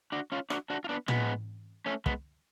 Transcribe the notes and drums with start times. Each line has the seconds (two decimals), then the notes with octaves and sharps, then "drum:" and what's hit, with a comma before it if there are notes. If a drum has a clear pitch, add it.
0.12 D4 F#4
0.32 C#4 F4
0.50 D4 F#4, drum: rim click
0.70 D4 F#4
0.84 F4
0.89 B3 D4
1.08 G#3 B3, drum: tom
1.86 A3 C#4
2.06 G#3 B3, drum: kick